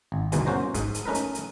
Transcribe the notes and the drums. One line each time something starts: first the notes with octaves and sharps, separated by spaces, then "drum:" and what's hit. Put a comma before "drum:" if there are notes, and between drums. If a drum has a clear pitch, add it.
G#1
G1 D#2 B2 E3 G#3, drum: hi-hat
A#3 C#4 F#4 C5 A#5
G#2, drum: kick, hi-hat
drum: hi-hat
A3 C#4 D#4 A#4 B4
drum: hi-hat
drum: hi-hat